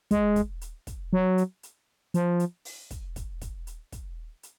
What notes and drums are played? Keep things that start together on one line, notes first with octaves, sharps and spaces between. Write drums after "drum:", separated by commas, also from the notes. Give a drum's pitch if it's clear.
G#3, drum: kick, hi-hat
drum: kick, hi-hat
drum: hi-hat
drum: kick, hi-hat
F#3
drum: hi-hat
drum: hi-hat
F3, drum: hi-hat
drum: hi-hat
drum: open hi-hat
drum: kick, hi-hat
drum: kick, hi-hat
drum: kick, hi-hat
drum: hi-hat
drum: kick, hi-hat
drum: hi-hat